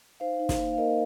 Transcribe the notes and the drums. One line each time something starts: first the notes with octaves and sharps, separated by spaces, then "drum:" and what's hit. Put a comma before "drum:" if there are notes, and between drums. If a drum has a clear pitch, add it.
D#4 C5 F5
D#4
drum: snare
A#3
F5
A#3 A#4 D#5